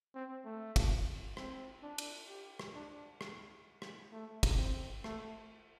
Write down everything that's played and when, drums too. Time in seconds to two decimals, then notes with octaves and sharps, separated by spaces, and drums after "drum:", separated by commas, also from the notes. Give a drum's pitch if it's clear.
0.15 C4
0.45 A3
0.76 drum: kick, cymbal
1.37 C4, drum: rim click
1.83 D4
1.98 drum: cymbal
2.28 G4
2.59 drum: rim click
2.75 D4
3.21 drum: rim click
3.82 drum: rim click
4.12 A3
4.43 drum: kick, cymbal
4.58 C4
5.04 A3, drum: rim click